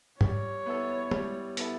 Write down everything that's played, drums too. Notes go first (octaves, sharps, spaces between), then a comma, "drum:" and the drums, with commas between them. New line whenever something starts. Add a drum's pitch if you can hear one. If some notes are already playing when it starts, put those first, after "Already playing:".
G3 C#5, drum: tom
B3 E4 A4
G3, drum: tom
B3 E4 A4, drum: hi-hat